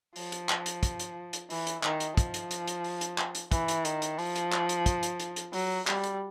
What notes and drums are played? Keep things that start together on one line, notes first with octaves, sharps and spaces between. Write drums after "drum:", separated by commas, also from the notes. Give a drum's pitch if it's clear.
F3, drum: open hi-hat
drum: hi-hat
drum: clap
drum: hi-hat
drum: kick, hi-hat
drum: hi-hat
drum: hi-hat
E3, drum: open hi-hat
drum: hi-hat
D#3, drum: clap
drum: hi-hat
F3, drum: kick, hi-hat
drum: hi-hat
drum: hi-hat
drum: hi-hat
drum: open hi-hat
drum: hi-hat
drum: clap
drum: hi-hat
E3, drum: kick, hi-hat
drum: hi-hat
D#3, drum: hi-hat
drum: hi-hat
F3, drum: open hi-hat
drum: hi-hat
drum: clap
drum: hi-hat
drum: kick, hi-hat
drum: hi-hat
drum: hi-hat
drum: hi-hat
F#3, drum: open hi-hat
G3, drum: clap
drum: hi-hat